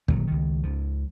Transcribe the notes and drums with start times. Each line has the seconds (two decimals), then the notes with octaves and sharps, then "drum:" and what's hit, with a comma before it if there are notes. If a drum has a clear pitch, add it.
0.08 A#2 D3 D#3 F#3, drum: kick
0.27 C#2 D#3
0.63 C#2 F3